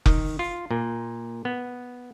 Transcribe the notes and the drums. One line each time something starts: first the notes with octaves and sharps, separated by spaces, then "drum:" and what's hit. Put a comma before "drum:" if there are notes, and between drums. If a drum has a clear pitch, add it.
D#3, drum: kick F1
F4
A#2
B3